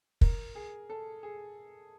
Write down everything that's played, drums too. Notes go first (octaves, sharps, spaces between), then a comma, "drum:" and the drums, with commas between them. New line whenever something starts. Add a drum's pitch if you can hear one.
A#4, drum: kick
G#4
A4
G#4